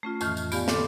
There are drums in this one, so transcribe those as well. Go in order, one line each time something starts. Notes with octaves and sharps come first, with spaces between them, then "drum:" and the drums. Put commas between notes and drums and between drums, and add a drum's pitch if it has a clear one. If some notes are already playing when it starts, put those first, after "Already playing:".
A3 C#4 F4
F2 A2 D#3 E3 F6, drum: tambourine
drum: tambourine
B3 F4 G4 D5 F5 G#5, drum: tambourine
D3 C4 A4 D6, drum: snare